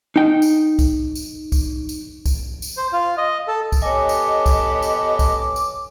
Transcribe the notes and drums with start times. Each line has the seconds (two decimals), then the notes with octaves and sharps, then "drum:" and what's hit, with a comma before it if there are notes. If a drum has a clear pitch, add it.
0.16 D#4 G5
0.42 drum: tambourine
0.79 drum: kick, tambourine
1.15 drum: tambourine
1.52 drum: kick, tambourine
1.89 drum: tambourine
2.26 drum: kick, tambourine
2.62 drum: tambourine
2.77 C5
2.93 F4
3.17 D#5
3.48 A4
3.72 drum: kick, tambourine
3.82 B3 G4 A4 C#5 D#5 G#5 D6
4.09 drum: tambourine
4.46 drum: kick, tambourine
4.82 drum: tambourine
5.19 drum: kick, tambourine
5.56 drum: tambourine